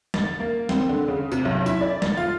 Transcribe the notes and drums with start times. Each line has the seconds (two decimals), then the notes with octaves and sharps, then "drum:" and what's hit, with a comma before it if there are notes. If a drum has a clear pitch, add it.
0.14 A6, drum: snare
0.40 A#3
0.69 C4, drum: snare
0.89 D3
1.08 C#3
1.32 C3, drum: tambourine
1.45 B1
1.66 E4, drum: tambourine
1.81 D5
2.02 A6, drum: snare
2.17 F4